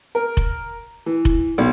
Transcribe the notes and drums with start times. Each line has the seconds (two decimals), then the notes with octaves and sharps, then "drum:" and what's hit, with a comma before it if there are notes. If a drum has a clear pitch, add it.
0.15 A#4
0.37 drum: kick F1
1.06 E3
1.25 drum: kick F1
1.58 B1